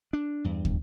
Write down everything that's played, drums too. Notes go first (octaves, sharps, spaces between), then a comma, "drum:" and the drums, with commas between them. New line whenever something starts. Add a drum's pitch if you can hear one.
D4
E2 G2
drum: kick